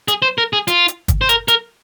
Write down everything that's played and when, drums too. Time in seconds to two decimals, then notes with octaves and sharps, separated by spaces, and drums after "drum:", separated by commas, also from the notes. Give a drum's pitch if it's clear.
0.08 G#4, drum: hi-hat
0.22 C5
0.38 A#4
0.53 G#4
0.68 F4, drum: hi-hat
0.88 drum: hi-hat
1.08 drum: kick, hi-hat
1.21 C5
1.29 A#4, drum: hi-hat
1.48 A#4, drum: hi-hat